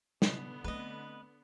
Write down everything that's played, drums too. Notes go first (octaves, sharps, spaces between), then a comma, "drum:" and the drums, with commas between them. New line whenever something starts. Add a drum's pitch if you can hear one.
D3 B3, drum: snare
A3 C4 B4 D#5